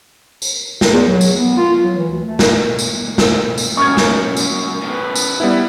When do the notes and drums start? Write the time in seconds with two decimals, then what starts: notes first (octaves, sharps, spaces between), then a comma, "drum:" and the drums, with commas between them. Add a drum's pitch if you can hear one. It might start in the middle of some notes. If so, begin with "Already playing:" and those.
0.42 drum: tambourine
0.81 drum: snare
0.92 E2
1.07 F#3
1.21 drum: tambourine
1.36 B3
1.56 F4
1.83 F#3
1.96 E3
2.10 D2
2.25 A3
2.39 drum: snare
2.79 drum: tambourine
3.18 drum: snare
3.58 drum: tambourine
3.77 F#2 C#4 C#6 F6 G#6
3.97 drum: snare
4.37 drum: tambourine
4.83 A2 C#3 B4
5.15 drum: tambourine
5.40 G3 B3 E4